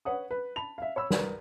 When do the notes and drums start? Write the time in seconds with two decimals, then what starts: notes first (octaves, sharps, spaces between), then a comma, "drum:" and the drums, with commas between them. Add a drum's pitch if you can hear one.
0.05 B4 C#5 F#5 D#6
0.31 B4
0.56 A5 B5 F7
0.78 E5 F5
0.96 C#5 B5 E6
1.10 A#4 B4 D5, drum: snare